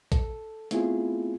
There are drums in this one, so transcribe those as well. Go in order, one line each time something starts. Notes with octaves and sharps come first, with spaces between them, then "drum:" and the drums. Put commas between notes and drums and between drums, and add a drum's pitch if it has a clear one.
A4, drum: kick A1, hi-hat
A3 B3 C4 E4 F4 G#4, drum: hi-hat